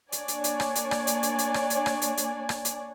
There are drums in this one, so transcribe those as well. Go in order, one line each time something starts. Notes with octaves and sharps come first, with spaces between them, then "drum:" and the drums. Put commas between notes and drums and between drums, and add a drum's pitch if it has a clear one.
A#3 D4 C#5 D5 G#5, drum: hi-hat
drum: hi-hat
drum: hi-hat
drum: rim click
drum: hi-hat
drum: rim click
drum: hi-hat
drum: hi-hat
drum: hi-hat
drum: rim click
drum: hi-hat
drum: rim click
drum: hi-hat
drum: hi-hat
drum: rim click
drum: hi-hat